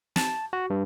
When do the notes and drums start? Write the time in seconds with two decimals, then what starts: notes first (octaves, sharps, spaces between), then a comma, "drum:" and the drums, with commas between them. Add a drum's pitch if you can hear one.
0.16 A5, drum: snare
0.53 F#4
0.70 G2